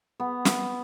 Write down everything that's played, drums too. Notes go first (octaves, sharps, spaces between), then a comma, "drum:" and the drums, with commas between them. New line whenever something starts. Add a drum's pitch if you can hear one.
B3
drum: snare